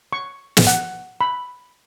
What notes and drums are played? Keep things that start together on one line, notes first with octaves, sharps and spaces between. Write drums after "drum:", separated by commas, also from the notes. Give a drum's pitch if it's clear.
C#6
drum: snare
F#5
B5